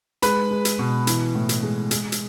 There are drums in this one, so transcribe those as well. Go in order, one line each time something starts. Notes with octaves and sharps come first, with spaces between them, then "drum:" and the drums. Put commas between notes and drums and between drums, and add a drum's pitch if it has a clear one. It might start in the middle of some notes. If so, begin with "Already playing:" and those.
G#3 B4 B5, drum: hi-hat
G#3
drum: hi-hat
B2
E3, drum: hi-hat
A2
drum: hi-hat
G#3
G#3, drum: hi-hat
drum: hi-hat